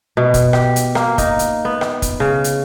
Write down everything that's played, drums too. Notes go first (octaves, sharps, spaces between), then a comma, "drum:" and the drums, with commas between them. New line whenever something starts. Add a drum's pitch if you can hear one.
B2
drum: kick, hi-hat
G4, drum: rim click
drum: hi-hat
A#3, drum: rim click
D#4, drum: kick, hi-hat
drum: hi-hat
B3
drum: rim click
drum: kick, hi-hat
C#3
drum: hi-hat